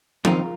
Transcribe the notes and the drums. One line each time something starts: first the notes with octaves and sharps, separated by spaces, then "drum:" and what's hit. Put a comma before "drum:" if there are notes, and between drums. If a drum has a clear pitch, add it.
F2 D#3 C4 D#4 F4 A#4, drum: tom F3